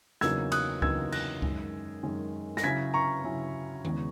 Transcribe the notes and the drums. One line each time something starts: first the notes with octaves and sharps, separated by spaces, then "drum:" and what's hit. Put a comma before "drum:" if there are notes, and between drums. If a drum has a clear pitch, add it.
E2 C#3 F#3 A#3 D#4 E6 G#6, drum: snare
D#6 F#6, drum: cymbal
E2 C#3 F#3 A#3 D#4 E6 G#6, drum: kick C#2
F#6 A#6, drum: cymbal
F#2 D#3 G#3 C#4, drum: kick C#2
F#2 D#3 G#3 C#4
A#6, drum: snare
C#3 F#3 C#4 E4 G#6 B6
A#5 C#6
C#3 F#3 C#4 E4
E2 C#3 G#3 B3, drum: tom D#3